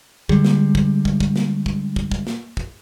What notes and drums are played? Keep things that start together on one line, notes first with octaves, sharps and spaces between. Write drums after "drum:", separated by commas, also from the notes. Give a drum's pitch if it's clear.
D3 G3 G#3, drum: kick
drum: snare
drum: kick
drum: kick
drum: kick
drum: snare
drum: kick
drum: kick
drum: kick
drum: snare
drum: kick